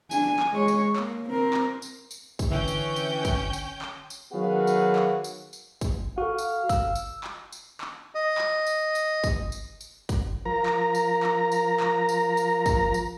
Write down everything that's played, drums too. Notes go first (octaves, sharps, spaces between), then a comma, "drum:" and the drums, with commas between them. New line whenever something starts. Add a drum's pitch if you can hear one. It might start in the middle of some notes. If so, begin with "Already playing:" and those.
D4 G#5, drum: tambourine
drum: clap
G#3 C#5
drum: tambourine
A#3, drum: clap
C4 A#4
drum: clap
drum: tambourine
drum: tambourine
drum: kick, tambourine
D3 E3 C#4 G5 G6
drum: tambourine
drum: tambourine
drum: kick, tambourine
drum: tambourine
drum: clap
drum: tambourine
D#3 F#3 B3 F#4 G#4 F5
drum: tambourine
drum: clap
drum: tambourine
drum: tambourine
drum: kick, tambourine
F#4 A4 F5
drum: tambourine
E6, drum: kick, tambourine
drum: tambourine
drum: clap
drum: tambourine
drum: clap
D#5
drum: clap
drum: tambourine
drum: tambourine
drum: kick, tambourine
drum: tambourine
drum: tambourine
drum: kick, tambourine
F3 A#4 A#5
drum: clap
drum: tambourine
drum: clap
drum: tambourine
drum: clap
drum: tambourine
drum: tambourine
drum: kick, tambourine
drum: tambourine